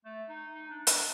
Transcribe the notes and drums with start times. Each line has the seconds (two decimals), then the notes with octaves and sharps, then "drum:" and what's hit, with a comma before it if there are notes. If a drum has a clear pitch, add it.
0.05 A3
0.29 D#4
0.54 D#4
0.70 D4
0.87 D4, drum: hi-hat